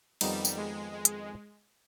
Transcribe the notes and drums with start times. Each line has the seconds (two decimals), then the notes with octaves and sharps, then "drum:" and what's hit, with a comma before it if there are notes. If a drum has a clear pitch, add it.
0.21 F2 D#3 G3 B3 D#4, drum: cymbal
0.45 drum: tambourine
0.57 G#3
0.92 G#3
1.05 drum: hi-hat